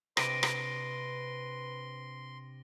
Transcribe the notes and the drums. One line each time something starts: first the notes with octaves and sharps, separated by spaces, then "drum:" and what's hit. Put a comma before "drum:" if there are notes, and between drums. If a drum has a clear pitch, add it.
C3 D4 B4 C6 A#6 D7 D#7, drum: rim click
drum: rim click